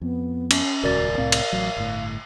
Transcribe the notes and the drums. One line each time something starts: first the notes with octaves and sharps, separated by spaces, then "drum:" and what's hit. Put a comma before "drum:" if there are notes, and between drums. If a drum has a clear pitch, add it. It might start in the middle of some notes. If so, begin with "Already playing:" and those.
F2 B3
C#4, drum: cymbal
D#1 C#2 F#4 A#4 D5 A6
C2 A2 C4 F5
drum: cymbal
A1 F#3
G1 A2